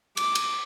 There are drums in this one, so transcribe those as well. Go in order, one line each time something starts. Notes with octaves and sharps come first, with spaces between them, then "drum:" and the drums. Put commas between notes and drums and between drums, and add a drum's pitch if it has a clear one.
D6, drum: cymbal
drum: cymbal